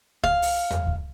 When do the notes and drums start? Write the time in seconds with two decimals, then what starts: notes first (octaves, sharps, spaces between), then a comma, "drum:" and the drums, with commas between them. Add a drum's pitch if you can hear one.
0.24 F5, drum: kick C#2
0.42 drum: open hi-hat
0.70 drum: tom E2
0.87 drum: kick C#2